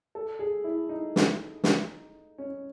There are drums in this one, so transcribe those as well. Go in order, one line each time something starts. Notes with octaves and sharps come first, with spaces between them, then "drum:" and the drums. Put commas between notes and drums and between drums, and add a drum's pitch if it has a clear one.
A4
G#4
E4
D#4
drum: snare
drum: snare
C#4